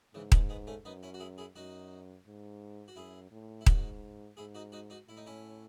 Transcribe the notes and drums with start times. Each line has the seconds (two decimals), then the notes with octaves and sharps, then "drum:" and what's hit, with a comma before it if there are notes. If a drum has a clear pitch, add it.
0.14 G#2 C#3 E3
0.32 G#3 B3, drum: kick D#1
0.49 G#3 B3
0.67 A3 C#4
0.85 F#2 B3 D#4
1.03 C#4 E4
1.14 F#4
1.20 E4 G#4
1.38 E4 G#4
1.56 F#2 D#4 F#4
2.26 G#2
2.88 F#4
2.96 F#2 E4 G#4
3.31 A2
3.61 E4
3.66 G#2 D#4 F#4, drum: kick D#1
4.37 G#2 E4 G#4
4.55 D#4 F#4
4.72 D#4 F#4
4.90 D#4 F#4
5.08 A2 E4
5.17 D#4
5.26 C#4 E4